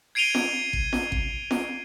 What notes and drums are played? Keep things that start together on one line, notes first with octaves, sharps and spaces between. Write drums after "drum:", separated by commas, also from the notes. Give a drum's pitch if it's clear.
G#6 C7 D7 D#7 F7 G7
drum: snare
drum: kick
drum: snare
drum: kick
drum: snare